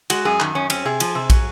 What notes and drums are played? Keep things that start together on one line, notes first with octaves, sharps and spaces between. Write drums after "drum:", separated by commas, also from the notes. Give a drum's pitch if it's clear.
G#3 F#4, drum: cymbal
F#2 G#4
D#3, drum: clap
F#2 C#4
C4 C#4, drum: cymbal
C3 G#4
F3, drum: cymbal
C3
F#3, drum: kick, cymbal